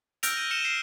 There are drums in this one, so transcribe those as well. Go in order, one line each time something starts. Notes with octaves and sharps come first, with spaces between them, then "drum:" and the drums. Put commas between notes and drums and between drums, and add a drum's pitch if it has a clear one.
E6 F6 G6 A#6 D7 F7, drum: hi-hat
A#6 D#7
F6 A#6 C#7 D#7 E7 G7
C7